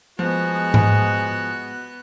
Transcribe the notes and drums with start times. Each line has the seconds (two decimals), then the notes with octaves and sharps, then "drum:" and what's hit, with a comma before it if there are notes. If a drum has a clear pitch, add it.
0.19 F3 G#3 B3 F#4 F#6
0.74 drum: tom G#2